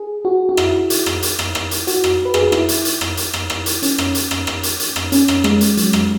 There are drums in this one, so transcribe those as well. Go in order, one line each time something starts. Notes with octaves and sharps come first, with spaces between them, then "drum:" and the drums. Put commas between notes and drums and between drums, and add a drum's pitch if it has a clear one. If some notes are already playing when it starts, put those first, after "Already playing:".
Already playing: G#4
F#4
F#4
E4, drum: rim click
drum: hi-hat
drum: rim click
drum: hi-hat
drum: rim click
drum: rim click
drum: hi-hat
F#4, drum: hi-hat
drum: rim click
B4
G#4, drum: rim click
F#4
E4, drum: rim click
drum: hi-hat
drum: hi-hat
drum: rim click
drum: hi-hat
drum: rim click
drum: rim click
drum: hi-hat
C#4, drum: hi-hat
drum: rim click
drum: hi-hat
drum: rim click
drum: rim click
drum: hi-hat
drum: hi-hat
drum: rim click
C#4, drum: hi-hat
drum: rim click
G#3, drum: rim click
drum: hi-hat
F#3, drum: hi-hat
drum: rim click